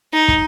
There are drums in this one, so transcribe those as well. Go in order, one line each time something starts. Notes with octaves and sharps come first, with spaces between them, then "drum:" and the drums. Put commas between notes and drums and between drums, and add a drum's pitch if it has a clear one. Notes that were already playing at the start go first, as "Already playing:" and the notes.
D#4
drum: kick